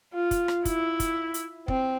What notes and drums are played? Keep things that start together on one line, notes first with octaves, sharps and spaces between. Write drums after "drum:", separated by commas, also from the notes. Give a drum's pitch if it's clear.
F4
drum: kick, hi-hat
drum: rim click
E4, drum: kick, hi-hat
drum: kick, hi-hat
drum: hi-hat
C4, drum: kick